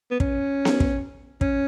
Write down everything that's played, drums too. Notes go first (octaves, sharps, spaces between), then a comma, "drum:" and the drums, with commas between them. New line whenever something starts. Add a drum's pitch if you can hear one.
B3
C#4, drum: kick
drum: snare B3
drum: kick
C#4, drum: kick